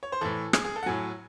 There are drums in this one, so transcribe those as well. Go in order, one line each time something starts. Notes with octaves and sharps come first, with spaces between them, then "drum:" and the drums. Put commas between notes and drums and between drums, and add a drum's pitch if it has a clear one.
C#5
C5
A2 E3 A4
G#4, drum: rim click
G#4
A4
F#5
A2 F#3 G#5